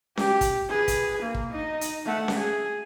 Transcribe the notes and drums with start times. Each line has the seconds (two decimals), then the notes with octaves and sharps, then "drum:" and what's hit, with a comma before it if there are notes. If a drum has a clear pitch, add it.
0.17 G4, drum: snare C#4
0.41 drum: kick, hi-hat
0.70 G#4 B4
0.88 drum: kick, hi-hat
1.22 A#3
1.34 drum: kick
1.52 D#4 D#5
1.81 drum: hi-hat
2.06 A3 F#5
2.28 drum: snare C#4
2.37 G#4